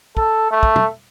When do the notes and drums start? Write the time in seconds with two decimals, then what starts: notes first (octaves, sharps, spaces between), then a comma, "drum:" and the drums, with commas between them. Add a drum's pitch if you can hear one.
0.17 A4, drum: kick
0.51 A3
0.63 drum: kick
0.76 drum: tom